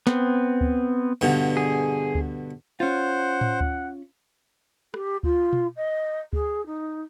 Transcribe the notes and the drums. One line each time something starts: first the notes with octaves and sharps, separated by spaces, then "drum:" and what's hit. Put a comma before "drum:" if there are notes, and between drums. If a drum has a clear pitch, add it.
B3 C4, drum: snare
drum: kick D2
G2 B2 D3
G#4
drum: kick D2
C#4 F4 C5 F#5
drum: tom A2
drum: kick D2
G4, drum: rim click
F4, drum: kick D2
drum: tom B2
D#5
G#4, drum: kick D2
D#4